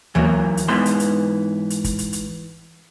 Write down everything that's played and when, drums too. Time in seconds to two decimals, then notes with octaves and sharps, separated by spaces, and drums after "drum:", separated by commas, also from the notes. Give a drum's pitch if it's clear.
0.15 E3 F#3 A#3, drum: tom D#2
0.57 drum: hi-hat
0.68 G#2 E3 B3 C6
0.86 drum: hi-hat
1.00 drum: hi-hat
1.70 drum: hi-hat
1.84 drum: kick, hi-hat
1.99 drum: hi-hat
2.13 drum: hi-hat